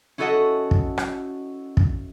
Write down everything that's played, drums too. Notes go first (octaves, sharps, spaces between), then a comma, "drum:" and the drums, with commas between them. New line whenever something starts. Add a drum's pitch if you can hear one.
C#4 E4 F#4 A4 D#5 F#5
drum: kick
drum: rim click
drum: kick